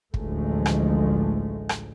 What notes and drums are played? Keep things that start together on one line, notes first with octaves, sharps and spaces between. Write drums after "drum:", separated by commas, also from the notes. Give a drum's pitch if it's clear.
A1 D2 F3 G#3 A3, drum: kick
drum: rim click
drum: rim click